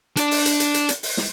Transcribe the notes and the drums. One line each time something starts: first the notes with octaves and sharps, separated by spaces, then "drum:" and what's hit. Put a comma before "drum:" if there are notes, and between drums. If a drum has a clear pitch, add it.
D4 D5, drum: hi-hat
drum: open hi-hat
drum: hi-hat
drum: hi-hat
drum: hi-hat
drum: hi-hat
drum: open hi-hat
drum: snare